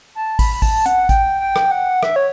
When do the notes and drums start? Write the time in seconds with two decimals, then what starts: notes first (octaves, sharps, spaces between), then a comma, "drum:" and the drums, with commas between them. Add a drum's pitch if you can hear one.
0.15 A5
0.39 B5, drum: kick, open hi-hat
0.54 B5
0.62 A5, drum: kick, open hi-hat
0.86 F#5, drum: hi-hat
1.09 G5, drum: kick, hi-hat
1.40 G5
1.56 drum: rim click
1.71 F#5
2.03 E5, drum: rim click
2.16 C#5